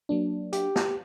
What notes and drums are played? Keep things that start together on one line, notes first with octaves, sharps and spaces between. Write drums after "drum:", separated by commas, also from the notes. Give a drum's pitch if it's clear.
F#3 A#3 D4
G4, drum: hi-hat
drum: snare